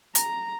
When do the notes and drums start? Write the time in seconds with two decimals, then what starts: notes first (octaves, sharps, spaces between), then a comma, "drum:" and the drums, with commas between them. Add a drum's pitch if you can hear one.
0.15 A#5, drum: hi-hat